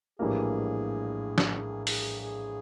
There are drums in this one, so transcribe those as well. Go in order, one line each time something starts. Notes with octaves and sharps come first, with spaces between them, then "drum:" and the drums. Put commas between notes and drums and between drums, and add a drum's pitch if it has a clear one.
A#1 A2 E3 G3 A#3 G#4
drum: snare
G#4
G#4, drum: open hi-hat
G#4